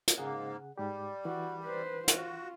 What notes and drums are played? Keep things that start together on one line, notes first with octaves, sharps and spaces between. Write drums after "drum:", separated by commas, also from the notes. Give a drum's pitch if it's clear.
drum: hi-hat
G#2 C#3 A#3 G#4 F#5
G#2 G3 G4
E3 F#4
B4 C5
F4 F#4, drum: hi-hat